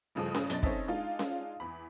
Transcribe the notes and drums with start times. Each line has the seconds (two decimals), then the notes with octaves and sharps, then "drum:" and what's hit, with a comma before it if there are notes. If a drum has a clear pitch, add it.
0.15 A1 G2 C#3 F3 A4 D#6
0.35 drum: snare C#4
0.50 F#2 B2 D4 D#5 A6, drum: hi-hat
0.63 C4 C#4 D#4 A4 D#5 E5, drum: kick
0.88 G#3 D4 D#4 F4
1.19 drum: snare C#4
1.60 E2 B5